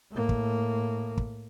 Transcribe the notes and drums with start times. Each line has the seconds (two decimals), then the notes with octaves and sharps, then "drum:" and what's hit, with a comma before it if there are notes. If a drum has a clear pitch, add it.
0.11 A2 A#3
0.29 drum: kick
1.17 drum: kick